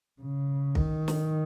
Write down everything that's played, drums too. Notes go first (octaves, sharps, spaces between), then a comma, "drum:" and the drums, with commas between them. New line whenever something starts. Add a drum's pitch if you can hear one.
C#3
D#3, drum: kick
drum: snare